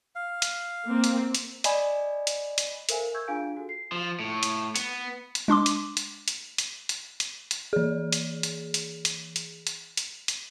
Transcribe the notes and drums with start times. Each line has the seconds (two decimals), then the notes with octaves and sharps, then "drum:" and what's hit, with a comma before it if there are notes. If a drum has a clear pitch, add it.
0.15 F5
0.42 drum: hi-hat
0.88 A#3 C4
1.04 drum: hi-hat
1.35 drum: hi-hat
1.64 D5 D#5 G#5 B5, drum: hi-hat
2.27 drum: hi-hat
2.58 drum: hi-hat
2.89 A4 A#4 C5 E5 F5 G#5, drum: hi-hat
3.14 C#6 E6 G6 G#6
3.28 D4 F4 G#4 F5 G#5 D7
3.57 F#4 A4
3.69 C7
3.92 F3
4.20 A2
4.43 drum: hi-hat
4.76 B3, drum: hi-hat
5.35 drum: hi-hat
5.48 G#3 D4 C6 D6
5.66 drum: hi-hat
5.97 drum: hi-hat
6.28 drum: hi-hat
6.58 drum: hi-hat
6.89 drum: hi-hat
7.20 drum: hi-hat
7.51 drum: hi-hat
7.73 E3 G#4
8.13 drum: hi-hat
8.43 drum: hi-hat
8.74 drum: hi-hat
9.05 drum: hi-hat
9.36 drum: hi-hat
9.67 drum: hi-hat
9.97 drum: hi-hat
10.28 drum: hi-hat